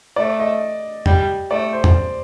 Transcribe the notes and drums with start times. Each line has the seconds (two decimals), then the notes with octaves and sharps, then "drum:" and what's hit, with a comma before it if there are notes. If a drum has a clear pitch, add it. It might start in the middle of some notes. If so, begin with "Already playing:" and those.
0.16 A3 D5
0.40 D#5
1.06 G3, drum: tom E2
1.51 A3 D5
1.73 C5
1.84 drum: tom E2